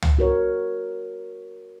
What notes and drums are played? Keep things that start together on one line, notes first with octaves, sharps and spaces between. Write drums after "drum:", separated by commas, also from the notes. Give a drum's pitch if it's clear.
drum: tom
F#4 A#4 C#5